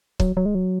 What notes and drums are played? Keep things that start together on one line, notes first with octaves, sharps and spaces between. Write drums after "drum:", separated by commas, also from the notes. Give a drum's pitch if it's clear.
F#3, drum: kick
F#3
G#3
F#3